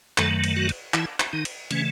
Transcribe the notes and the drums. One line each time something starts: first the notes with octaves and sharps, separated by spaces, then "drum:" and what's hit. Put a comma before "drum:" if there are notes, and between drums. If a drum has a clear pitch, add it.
F#2 D#3 F#3 A3 A4, drum: clap
drum: cymbal
F#3 F#4
drum: cymbal
E3 E4, drum: clap
drum: clap
D#3 D#4
drum: cymbal
C#3 E3 A3 C#4, drum: cymbal